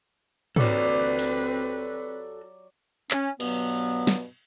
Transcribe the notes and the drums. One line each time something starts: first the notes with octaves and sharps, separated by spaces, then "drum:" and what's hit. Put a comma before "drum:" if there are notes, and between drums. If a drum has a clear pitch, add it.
F#3 C4 F#4 G4 A4 B4 D5, drum: tom
drum: cymbal
C#4, drum: clap
G2 B2 F#3 B3, drum: cymbal
drum: snare